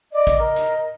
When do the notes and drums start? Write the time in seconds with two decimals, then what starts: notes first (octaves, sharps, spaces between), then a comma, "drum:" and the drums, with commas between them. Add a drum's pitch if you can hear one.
0.12 D5 D#5
0.27 drum: kick, hi-hat
0.38 A#4
0.56 drum: hi-hat